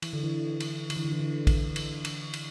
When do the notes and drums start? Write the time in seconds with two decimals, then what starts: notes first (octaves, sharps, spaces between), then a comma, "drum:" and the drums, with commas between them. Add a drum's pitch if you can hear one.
0.02 E3, drum: cymbal
0.13 D3
0.24 E3
0.60 drum: cymbal
0.90 D3, drum: cymbal
0.96 E3
1.05 D3
1.12 E3
1.19 D3
1.47 drum: kick, cymbal
1.76 drum: cymbal
2.05 drum: cymbal
2.34 drum: cymbal